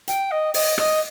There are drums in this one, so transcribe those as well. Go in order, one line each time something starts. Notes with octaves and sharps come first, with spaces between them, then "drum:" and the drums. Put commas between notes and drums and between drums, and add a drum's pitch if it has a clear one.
G5, drum: hi-hat
D#5
D#5, drum: open hi-hat
D#5, drum: rim click